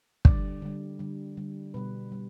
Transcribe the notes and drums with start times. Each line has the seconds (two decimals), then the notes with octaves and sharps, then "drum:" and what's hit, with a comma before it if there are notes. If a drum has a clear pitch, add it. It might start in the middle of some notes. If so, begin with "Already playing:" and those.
0.25 D3 G3 D5, drum: kick
0.62 D3 G3
0.99 D3 G3
1.37 D3 G3
1.74 B2 G3 B4
2.12 G3